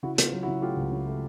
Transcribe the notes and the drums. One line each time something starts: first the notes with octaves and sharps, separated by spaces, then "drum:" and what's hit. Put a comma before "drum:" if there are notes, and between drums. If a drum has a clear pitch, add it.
C#3 E4 F#4
C#3 F4, drum: hi-hat
F#3
E4 F#4
C#3
A3 F4 G4
C#2
C#3
A3